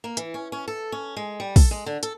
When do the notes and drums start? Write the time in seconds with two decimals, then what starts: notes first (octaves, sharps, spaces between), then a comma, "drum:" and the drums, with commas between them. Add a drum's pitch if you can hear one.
0.04 A#3
0.17 E3, drum: hi-hat
0.34 C#4
0.52 C#4
0.68 A4
0.92 C#4
1.17 G#3
1.40 G3
1.56 A4, drum: kick, open hi-hat
1.71 G#3
1.86 D3
2.03 A4, drum: hi-hat